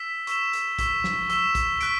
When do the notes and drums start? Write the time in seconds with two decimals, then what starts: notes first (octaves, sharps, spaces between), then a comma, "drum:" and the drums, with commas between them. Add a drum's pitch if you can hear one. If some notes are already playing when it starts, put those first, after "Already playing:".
Already playing: E6 B6 E7
0.27 C#6 E6 B6 E7, drum: hi-hat
0.53 drum: hi-hat
0.79 C#6 E6 B6 E7, drum: kick, hi-hat
1.04 drum: snare
1.30 C#6 E6 B6 E7, drum: hi-hat
1.55 drum: kick, hi-hat
1.81 C#6 F#6 B6 D7, drum: hi-hat